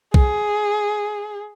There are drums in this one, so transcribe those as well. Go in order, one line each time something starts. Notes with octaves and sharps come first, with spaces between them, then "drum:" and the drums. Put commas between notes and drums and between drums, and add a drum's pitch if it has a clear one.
G#4, drum: kick B1